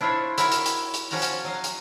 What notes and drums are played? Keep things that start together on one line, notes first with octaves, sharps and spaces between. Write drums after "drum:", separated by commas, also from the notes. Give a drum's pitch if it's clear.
D4 E4 F4 C5 C#5
E4 F#4 A#4 C#5, drum: hi-hat
drum: hi-hat
drum: hi-hat
drum: hi-hat
F3 C#4 F#4 D5 A#5, drum: open hi-hat
drum: hi-hat
F#3 D#5 F5
drum: hi-hat